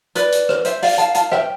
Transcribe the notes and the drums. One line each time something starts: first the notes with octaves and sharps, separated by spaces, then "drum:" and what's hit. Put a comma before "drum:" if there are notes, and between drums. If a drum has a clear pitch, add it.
B4 D5, drum: hi-hat
drum: hi-hat
drum: rim click
C5 E5, drum: hi-hat
D5 F5, drum: open hi-hat
F5 A5, drum: hi-hat
F5 A5, drum: hi-hat
E5 G5, drum: rim click